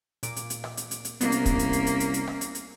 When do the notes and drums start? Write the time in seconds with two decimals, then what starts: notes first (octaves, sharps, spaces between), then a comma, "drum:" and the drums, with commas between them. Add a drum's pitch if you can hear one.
0.23 A#2 D6 D7, drum: hi-hat
0.36 drum: hi-hat
0.50 drum: hi-hat
0.64 drum: rim click
0.77 drum: hi-hat
0.91 drum: hi-hat
1.05 drum: hi-hat
1.21 C2 A#3 B3 C#4, drum: hi-hat
1.32 drum: hi-hat
1.46 drum: kick, hi-hat
1.59 drum: hi-hat
1.73 drum: hi-hat
1.86 drum: hi-hat
2.00 drum: hi-hat
2.14 drum: hi-hat
2.27 drum: rim click
2.41 drum: hi-hat
2.55 drum: hi-hat